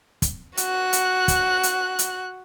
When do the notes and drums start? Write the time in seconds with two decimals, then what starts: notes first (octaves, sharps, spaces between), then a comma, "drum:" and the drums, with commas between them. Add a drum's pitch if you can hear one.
0.22 drum: kick, hi-hat
0.57 F#4 F#6, drum: hi-hat
0.93 drum: hi-hat
1.28 drum: kick, hi-hat
1.63 drum: hi-hat
1.99 drum: hi-hat